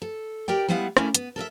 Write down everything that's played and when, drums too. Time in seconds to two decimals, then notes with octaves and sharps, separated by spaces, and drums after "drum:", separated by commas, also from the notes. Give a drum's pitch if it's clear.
0.02 A4
0.48 G4 A#4 D5 G5
0.68 G3 G#3 B3 E4 F5 F#5
0.97 A3 C#4 E4 A#4 D5 F5, drum: rim click
1.15 B3, drum: hi-hat
1.36 A4 A#4 D#5 E5